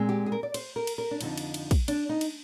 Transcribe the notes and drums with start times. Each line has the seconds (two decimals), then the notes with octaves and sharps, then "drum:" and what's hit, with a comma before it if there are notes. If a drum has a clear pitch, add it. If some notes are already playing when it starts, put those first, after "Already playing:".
Already playing: A#2 G#3 C4
0.09 G4
0.26 G#4
0.32 A#4
0.43 D5
0.54 C5, drum: cymbal
0.76 A#4
0.87 drum: cymbal
0.98 A#4
1.11 D4
1.21 F2 D3 F3 D#4, drum: cymbal
1.38 drum: cymbal
1.54 drum: cymbal
1.71 drum: kick, cymbal
1.88 D4, drum: cymbal
2.09 D#4
2.21 drum: cymbal